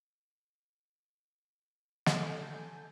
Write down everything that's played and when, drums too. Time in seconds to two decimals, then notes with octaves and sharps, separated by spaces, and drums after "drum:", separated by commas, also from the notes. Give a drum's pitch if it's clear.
2.06 A4 G#5 G6, drum: snare